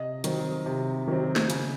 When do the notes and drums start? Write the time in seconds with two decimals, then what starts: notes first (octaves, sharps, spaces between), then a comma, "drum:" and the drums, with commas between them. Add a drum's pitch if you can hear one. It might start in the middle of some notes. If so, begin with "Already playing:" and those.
Already playing: C3 D#5
0.24 D#3 F#3 C4, drum: hi-hat
0.66 C3
1.07 D#3 F#3 C4
1.36 drum: snare
1.50 C#3, drum: hi-hat